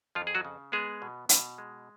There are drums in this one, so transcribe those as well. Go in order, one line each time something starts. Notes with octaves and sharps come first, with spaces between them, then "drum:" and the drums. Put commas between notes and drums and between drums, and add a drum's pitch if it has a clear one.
F2 F3 F4
G#4
F#3 F#4
C#3
G#3 B3 G#4
B2
B2, drum: hi-hat
G#3